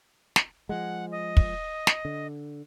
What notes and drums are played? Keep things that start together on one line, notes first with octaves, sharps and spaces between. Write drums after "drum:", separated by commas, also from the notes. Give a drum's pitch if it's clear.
drum: snare
F3 G#3 F#5
D#5
drum: kick
drum: snare
D3